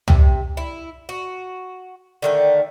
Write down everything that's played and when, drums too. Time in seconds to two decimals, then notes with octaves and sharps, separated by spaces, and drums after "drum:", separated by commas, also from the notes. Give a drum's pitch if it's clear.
0.08 C3, drum: tom
0.57 E4
1.09 F#4
2.22 D3 D#3 A3